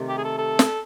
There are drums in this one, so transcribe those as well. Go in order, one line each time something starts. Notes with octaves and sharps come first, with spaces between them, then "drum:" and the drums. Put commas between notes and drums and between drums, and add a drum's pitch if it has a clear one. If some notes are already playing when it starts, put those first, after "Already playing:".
Already playing: C3 D#3 A3
G4
G#4
A4
A4
drum: snare